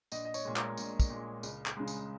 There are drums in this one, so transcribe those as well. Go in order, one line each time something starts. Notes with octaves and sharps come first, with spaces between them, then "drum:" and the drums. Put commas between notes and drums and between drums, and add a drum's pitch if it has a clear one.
A#1 D#5, drum: tambourine
D#5
C#5, drum: tambourine
A#2 G#3
A#4, drum: clap
A#1, drum: tambourine
drum: kick, tambourine
A#2 G#3
C#2, drum: tambourine
drum: clap
C#3 G#3
drum: tambourine